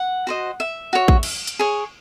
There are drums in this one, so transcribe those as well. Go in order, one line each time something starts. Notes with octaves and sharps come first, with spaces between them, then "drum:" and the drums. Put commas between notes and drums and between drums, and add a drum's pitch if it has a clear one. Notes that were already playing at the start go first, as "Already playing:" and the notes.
Already playing: F#5
F#4 C5 D#5
E5
F#4 C#5
drum: kick
drum: cymbal
drum: hi-hat
G#4 C#5